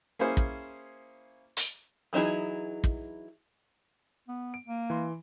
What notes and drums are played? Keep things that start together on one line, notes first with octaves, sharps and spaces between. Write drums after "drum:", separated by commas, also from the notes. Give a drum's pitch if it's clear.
A#3 C#4 E4 G#4 C5
drum: kick
drum: hi-hat
E3 F#3 D#4 E4 G#4
drum: kick
B3
D7
A#3
E3 C6